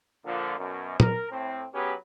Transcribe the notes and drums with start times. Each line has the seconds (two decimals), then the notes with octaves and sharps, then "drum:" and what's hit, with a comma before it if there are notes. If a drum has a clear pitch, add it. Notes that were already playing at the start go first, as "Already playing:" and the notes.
0.25 A#2 D3 F3
0.58 F#2 B2
1.00 A#4, drum: tom
1.31 A2 C4
1.74 F#3 B3 C#4 G4 G#4 B4